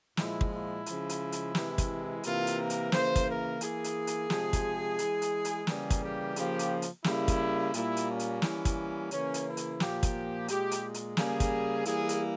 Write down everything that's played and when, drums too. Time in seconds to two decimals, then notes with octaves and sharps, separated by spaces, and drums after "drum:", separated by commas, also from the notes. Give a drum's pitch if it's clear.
0.17 A#2 F3 G#3 E4, drum: snare
0.41 drum: kick
0.52 E4
0.86 C#3 F3 G#3, drum: hi-hat
1.09 drum: hi-hat
1.32 drum: hi-hat
1.55 C3 E3 G#3, drum: snare
1.78 drum: kick, hi-hat
2.23 C3 E3 A#3 F4, drum: hi-hat
2.47 drum: hi-hat
2.58 A#4
2.70 drum: hi-hat
2.92 C#3 E3 A#3 C5, drum: snare
3.16 drum: kick, hi-hat
3.27 A#4
3.61 E3 A#3 G#4, drum: hi-hat
3.84 drum: hi-hat
4.07 drum: hi-hat
4.30 C3 F3 G#3, drum: snare
4.53 drum: kick, hi-hat
4.99 E3 G#3, drum: hi-hat
5.22 drum: hi-hat
5.45 drum: hi-hat
5.67 C#3 E3 G3 A#3 G#4, drum: snare
5.90 drum: kick, hi-hat
6.02 G4
6.36 C#3 F3 A#3 G4, drum: hi-hat
6.59 drum: hi-hat
6.82 drum: hi-hat
7.04 C#3 G3 A#3 E4, drum: snare
7.28 drum: kick, hi-hat
7.74 A#2 G3 A#3 E4, drum: hi-hat
7.97 drum: hi-hat
8.08 C#4
8.20 drum: hi-hat
8.42 E3 G3 A#3, drum: snare
8.65 drum: kick, hi-hat
9.11 C#3 E3 A#3 C#4, drum: hi-hat
9.34 drum: hi-hat
9.45 E4
9.57 drum: hi-hat
9.80 A#2 F3 A#3 G4, drum: snare
10.03 drum: kick, hi-hat
10.48 A#2 G#3 G4, drum: hi-hat
10.71 drum: hi-hat
10.94 drum: hi-hat
11.17 C#3 G3 A#3 G#4, drum: snare
11.40 drum: kick, hi-hat
11.85 E3 G3 A#3 G#4, drum: hi-hat
12.09 drum: hi-hat